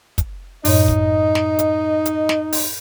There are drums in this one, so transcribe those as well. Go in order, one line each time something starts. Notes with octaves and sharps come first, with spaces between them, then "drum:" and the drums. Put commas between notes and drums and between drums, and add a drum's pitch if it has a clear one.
drum: kick, hi-hat
F#2 A2 D#4 C#5 D#5, drum: open hi-hat
drum: kick
drum: snare
drum: hi-hat
drum: hi-hat
drum: snare
drum: open hi-hat